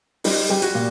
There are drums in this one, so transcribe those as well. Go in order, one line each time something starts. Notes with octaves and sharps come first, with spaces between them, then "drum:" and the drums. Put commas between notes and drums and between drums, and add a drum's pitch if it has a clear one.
G3 D#4, drum: open hi-hat
G3 G4
F#4, drum: hi-hat
A#2